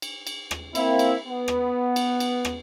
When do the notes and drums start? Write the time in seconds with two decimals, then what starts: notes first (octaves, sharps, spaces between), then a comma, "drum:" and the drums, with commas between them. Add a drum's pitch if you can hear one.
0.02 drum: cymbal
0.27 drum: cymbal
0.51 drum: rim click
0.75 A#3 C4 E4, drum: cymbal
0.99 drum: cymbal
1.27 B3
1.48 drum: rim click
1.96 drum: cymbal
2.20 drum: cymbal
2.45 drum: rim click